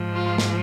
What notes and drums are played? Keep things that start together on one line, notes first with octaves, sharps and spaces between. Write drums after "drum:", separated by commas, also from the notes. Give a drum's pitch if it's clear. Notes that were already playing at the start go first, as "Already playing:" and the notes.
Already playing: G#2 F3
F4
drum: snare